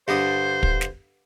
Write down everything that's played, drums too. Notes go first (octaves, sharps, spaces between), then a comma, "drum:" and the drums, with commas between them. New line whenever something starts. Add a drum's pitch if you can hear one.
G2 D3 C5 D#6
drum: kick
drum: snare